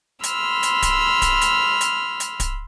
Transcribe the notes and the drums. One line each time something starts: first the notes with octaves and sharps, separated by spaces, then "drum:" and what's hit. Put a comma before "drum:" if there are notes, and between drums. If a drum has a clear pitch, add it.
B5 C6 E6 F6, drum: hi-hat
drum: hi-hat
drum: kick D1, hi-hat
drum: kick D1, hi-hat
drum: hi-hat
drum: hi-hat
drum: hi-hat
drum: kick D1, hi-hat